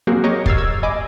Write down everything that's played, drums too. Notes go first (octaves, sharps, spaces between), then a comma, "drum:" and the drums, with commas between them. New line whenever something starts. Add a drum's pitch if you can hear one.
F#3 A#3 C4 F#4 G#4 A#4
G4 A#4 C#5 D#5 C#6 D6
E6 F6 G#6 A6 C7, drum: kick
E6 G#6
D#5 G#5 B5 D6